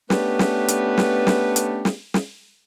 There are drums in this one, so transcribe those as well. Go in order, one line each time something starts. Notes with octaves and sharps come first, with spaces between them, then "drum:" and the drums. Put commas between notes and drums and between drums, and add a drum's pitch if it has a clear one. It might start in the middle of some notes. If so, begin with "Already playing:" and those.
A3 B3 C#4 D4 G4 B4, drum: snare
drum: snare
drum: hi-hat
drum: snare
drum: snare
drum: hi-hat
drum: snare
drum: snare